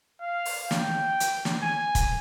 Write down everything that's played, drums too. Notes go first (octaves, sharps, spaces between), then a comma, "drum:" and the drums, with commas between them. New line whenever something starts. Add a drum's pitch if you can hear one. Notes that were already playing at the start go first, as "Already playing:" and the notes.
F5
drum: open hi-hat
G5, drum: snare
drum: hi-hat
drum: snare
G#5
drum: kick, hi-hat